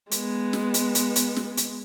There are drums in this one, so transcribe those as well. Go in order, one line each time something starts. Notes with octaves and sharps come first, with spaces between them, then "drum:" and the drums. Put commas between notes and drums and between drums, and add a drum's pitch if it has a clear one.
G#3 B3, drum: hi-hat
drum: snare
drum: hi-hat
drum: hi-hat
drum: hi-hat
drum: snare
drum: hi-hat